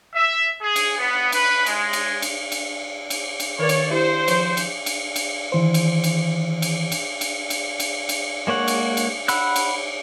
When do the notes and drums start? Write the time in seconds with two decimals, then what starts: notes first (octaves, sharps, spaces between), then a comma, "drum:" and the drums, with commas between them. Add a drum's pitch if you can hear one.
0.15 E5
0.61 G#4
0.76 drum: cymbal
0.98 B3
1.32 B4, drum: cymbal
1.66 G#3, drum: cymbal
1.93 drum: cymbal
2.22 drum: cymbal
2.52 drum: cymbal
3.10 drum: cymbal
3.40 drum: cymbal
3.59 D#3 A#4 B4 C#5 D5
3.69 drum: cymbal
3.90 E4 G4 C5 E5
4.28 F3 B4 C#5, drum: cymbal
4.57 drum: cymbal
4.86 drum: cymbal
5.16 drum: cymbal
5.52 D#3 E3 C5
5.74 drum: cymbal
6.04 drum: cymbal
6.62 drum: cymbal
6.92 drum: cymbal
7.21 drum: cymbal
7.50 drum: cymbal
7.80 drum: cymbal
8.09 drum: cymbal
8.47 G#3 A#3 C#5 F#5
8.68 drum: cymbal
8.97 drum: cymbal
9.28 F#5 B5 E6 F#6, drum: cymbal
9.56 drum: cymbal